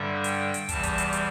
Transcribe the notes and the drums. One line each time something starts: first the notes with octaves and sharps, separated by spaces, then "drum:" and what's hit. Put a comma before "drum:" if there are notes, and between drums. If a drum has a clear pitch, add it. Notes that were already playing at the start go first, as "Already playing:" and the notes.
Already playing: G2 D3 G3 E5
G5, drum: hi-hat
drum: hi-hat
E2 C3 E3 G3 A5, drum: kick, hi-hat
drum: kick, hi-hat
drum: hi-hat
drum: hi-hat